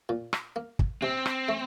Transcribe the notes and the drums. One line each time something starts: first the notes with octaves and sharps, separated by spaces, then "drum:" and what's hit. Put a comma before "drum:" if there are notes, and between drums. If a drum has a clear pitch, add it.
A#2
drum: rim click
A#3
drum: kick
C3 C4
drum: rim click
A3